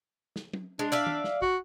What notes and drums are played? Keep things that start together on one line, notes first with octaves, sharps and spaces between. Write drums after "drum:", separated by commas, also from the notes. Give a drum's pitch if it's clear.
drum: snare
drum: tom
G#3 D4
D5 E5 F5
drum: tom
drum: snare
F#4, drum: kick